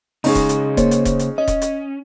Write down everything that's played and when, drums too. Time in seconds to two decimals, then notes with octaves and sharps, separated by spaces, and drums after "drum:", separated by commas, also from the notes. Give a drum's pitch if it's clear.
0.24 C#3 G#3 C#4 D#4 F4, drum: open hi-hat
0.35 drum: kick D#1, hi-hat
0.49 drum: hi-hat
0.77 A#3 C5 C#5, drum: kick D#1, hi-hat
0.91 drum: hi-hat
1.05 drum: kick D#1, hi-hat
1.19 drum: hi-hat
1.38 C#4 D#5
1.47 drum: kick D#1, hi-hat
1.62 drum: hi-hat